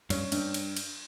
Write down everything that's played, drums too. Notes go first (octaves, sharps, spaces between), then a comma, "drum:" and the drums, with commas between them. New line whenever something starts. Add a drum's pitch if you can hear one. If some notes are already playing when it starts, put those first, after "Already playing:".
G2 C#4, drum: cymbal
G2, drum: cymbal
drum: cymbal
drum: cymbal